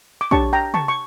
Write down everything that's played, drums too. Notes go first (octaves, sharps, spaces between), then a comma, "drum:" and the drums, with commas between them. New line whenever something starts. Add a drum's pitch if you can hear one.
D6
D4 G4 C#5 A5 C#6, drum: kick
G5 A#5
A5 C#6, drum: tom
C#6